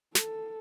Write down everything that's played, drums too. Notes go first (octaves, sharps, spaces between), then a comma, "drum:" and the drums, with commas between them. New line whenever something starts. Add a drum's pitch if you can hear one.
A4, drum: snare